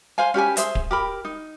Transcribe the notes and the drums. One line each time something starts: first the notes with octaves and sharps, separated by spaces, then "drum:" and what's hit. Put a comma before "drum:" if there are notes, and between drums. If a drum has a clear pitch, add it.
C5 F5 G#5
C#4 G4 B4 G#5
G#4 C5 E5, drum: hi-hat
drum: kick D1
G4 A#4 B5
D#4